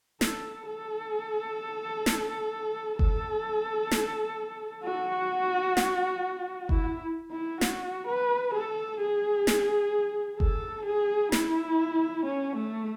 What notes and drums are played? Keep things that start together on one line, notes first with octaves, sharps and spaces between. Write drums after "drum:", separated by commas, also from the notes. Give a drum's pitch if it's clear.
A4, drum: snare
A4
drum: snare
A4, drum: kick F#1
drum: snare
F#4
drum: snare
E4, drum: kick F#1
E4
F#4, drum: snare
B4
A4
G#4
drum: snare
A4, drum: kick F#1
G#4
E4, drum: snare
C#4
A3